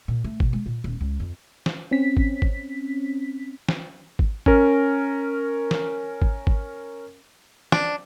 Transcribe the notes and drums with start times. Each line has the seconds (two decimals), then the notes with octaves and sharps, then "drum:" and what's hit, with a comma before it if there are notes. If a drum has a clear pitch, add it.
0.08 A#2
0.24 A3
0.40 B2, drum: kick G#1
0.53 G#3
0.66 A#2
0.84 D#1
1.01 C#2
1.20 F2
1.66 drum: snare
1.91 C4 C#4 B6
2.17 drum: kick G#1
2.42 drum: kick G#1
3.69 drum: snare
4.19 drum: kick G#1
4.46 C#4 A#4, drum: kick G#1
5.71 drum: snare
6.22 drum: kick G#1
6.47 drum: kick G#1
7.72 D4, drum: snare